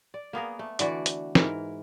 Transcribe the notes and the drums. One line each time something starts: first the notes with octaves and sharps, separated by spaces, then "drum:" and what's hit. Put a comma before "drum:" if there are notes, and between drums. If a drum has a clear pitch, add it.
D5
A#3 B3 G#4 A#4
A3
D3 E3 F#4 D5, drum: hi-hat
drum: hi-hat
G#2 E3 A#4, drum: snare